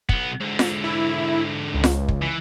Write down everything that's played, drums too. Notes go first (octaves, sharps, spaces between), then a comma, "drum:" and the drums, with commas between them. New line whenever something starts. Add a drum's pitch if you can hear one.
B1 B3, drum: kick
G#2 D3
drum: snare F4
E4
C#2
drum: snare F4
drum: kick
E3